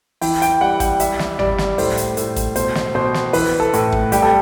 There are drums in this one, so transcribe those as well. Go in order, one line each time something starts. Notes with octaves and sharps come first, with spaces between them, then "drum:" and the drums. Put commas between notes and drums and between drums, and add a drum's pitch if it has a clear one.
E3 G5, drum: open hi-hat
G5, drum: hi-hat
G3 F#5
G5, drum: kick, hi-hat
G3 E5, drum: hi-hat
drum: snare
G3 D5, drum: tom
drum: snare
A2 C5, drum: open hi-hat
drum: hi-hat
A2, drum: hi-hat
drum: kick, hi-hat
B2 C5, drum: hi-hat
drum: snare
B2 C5
drum: snare
E3 B4, drum: open hi-hat
A4
A2, drum: hi-hat
drum: kick
G3 G4, drum: hi-hat
A4